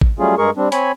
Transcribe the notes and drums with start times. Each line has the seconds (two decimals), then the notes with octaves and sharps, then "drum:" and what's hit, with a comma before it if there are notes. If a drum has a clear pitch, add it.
0.01 drum: kick G#1
0.19 F#3 G3 A3 C#4 F4 G#4
0.38 G2 G#3 G#4 A#4 C#6
0.56 G3 C4 D4
0.72 C4 C#5 G#5 B5, drum: hi-hat